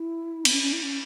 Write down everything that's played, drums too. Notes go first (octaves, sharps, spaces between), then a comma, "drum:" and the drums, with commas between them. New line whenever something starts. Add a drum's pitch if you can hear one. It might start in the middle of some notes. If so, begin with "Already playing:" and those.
Already playing: E4
B3, drum: cymbal
C#4
C#4
E4
C#4